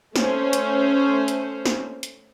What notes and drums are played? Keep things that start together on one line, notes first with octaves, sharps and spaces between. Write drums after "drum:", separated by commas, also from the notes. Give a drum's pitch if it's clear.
A3 C#4 C5, drum: snare
drum: hi-hat
drum: hi-hat
drum: snare
drum: hi-hat